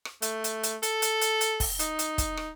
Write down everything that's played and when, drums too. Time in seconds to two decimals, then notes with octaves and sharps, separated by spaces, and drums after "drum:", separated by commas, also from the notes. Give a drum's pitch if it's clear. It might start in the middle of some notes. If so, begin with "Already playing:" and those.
0.05 drum: rim click
0.22 A3, drum: hi-hat
0.44 drum: hi-hat
0.63 drum: hi-hat
0.83 A4, drum: hi-hat
1.02 drum: hi-hat
1.21 drum: hi-hat
1.41 drum: hi-hat
1.60 drum: kick, open hi-hat
1.79 D#4, drum: hi-hat
1.99 drum: hi-hat
2.18 drum: kick, hi-hat
2.37 drum: rim click